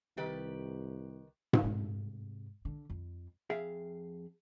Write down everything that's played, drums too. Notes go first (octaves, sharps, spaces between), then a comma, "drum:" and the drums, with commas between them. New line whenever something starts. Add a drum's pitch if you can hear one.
C2 D#3 G4 B4
drum: tom G#2
G#2 C3
D3
F2
F2 G#4 E5 F5